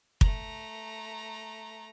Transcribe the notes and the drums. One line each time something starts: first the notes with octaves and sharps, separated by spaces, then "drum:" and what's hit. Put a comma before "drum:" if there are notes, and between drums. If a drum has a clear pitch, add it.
A3 A#5, drum: kick